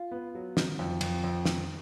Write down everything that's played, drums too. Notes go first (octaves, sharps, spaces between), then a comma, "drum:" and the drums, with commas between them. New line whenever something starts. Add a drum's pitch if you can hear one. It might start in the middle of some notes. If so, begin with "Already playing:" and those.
Already playing: F4
B3
F#3
D#3, drum: snare
F2
F2, drum: cymbal
F2
D#3, drum: snare